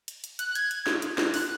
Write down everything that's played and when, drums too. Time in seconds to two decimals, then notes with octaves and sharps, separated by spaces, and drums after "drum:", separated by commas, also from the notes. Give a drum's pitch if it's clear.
0.08 drum: hi-hat
0.24 drum: hi-hat
0.39 F#6, drum: hi-hat
0.49 F#6
0.55 G#6, drum: hi-hat
0.71 drum: hi-hat
0.87 drum: snare
1.02 drum: hi-hat
1.18 drum: snare
1.34 F#6, drum: open hi-hat